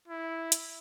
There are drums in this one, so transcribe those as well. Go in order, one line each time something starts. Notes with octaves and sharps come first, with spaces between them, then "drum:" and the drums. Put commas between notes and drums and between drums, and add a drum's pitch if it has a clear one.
E4
drum: hi-hat